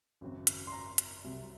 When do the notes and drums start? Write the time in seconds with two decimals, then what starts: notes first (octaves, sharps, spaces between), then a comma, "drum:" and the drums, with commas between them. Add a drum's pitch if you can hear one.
0.21 G#1 F#2 C#3 F#3 C4
0.47 drum: hi-hat
0.67 C6
0.72 A#5
0.98 drum: hi-hat
1.24 C2 C3 F#3 C4